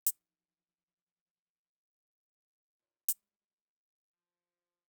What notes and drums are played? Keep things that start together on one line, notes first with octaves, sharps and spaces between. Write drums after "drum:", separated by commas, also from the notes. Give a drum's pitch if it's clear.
F3 F#3 D#4, drum: hi-hat
D#4 F4 A#4 B4 C#5 D5
G3 G#3 A#3 C#4 F4 F#4, drum: hi-hat
F3